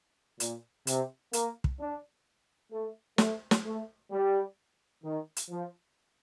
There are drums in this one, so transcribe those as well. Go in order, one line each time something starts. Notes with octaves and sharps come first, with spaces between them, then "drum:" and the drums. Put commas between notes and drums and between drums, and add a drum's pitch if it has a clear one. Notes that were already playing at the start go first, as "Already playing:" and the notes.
A#2, drum: hi-hat
C3, drum: hi-hat
A#3, drum: hi-hat
drum: kick
D4
A3
A3, drum: snare
drum: snare
A3
G3
D#3
drum: hi-hat
F3